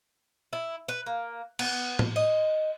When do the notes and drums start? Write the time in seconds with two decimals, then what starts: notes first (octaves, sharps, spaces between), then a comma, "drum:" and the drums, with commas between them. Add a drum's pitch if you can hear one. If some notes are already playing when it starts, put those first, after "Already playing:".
0.53 E4
0.88 B4
1.06 A#3
1.59 B3, drum: cymbal
1.99 drum: tom A2
2.16 D#5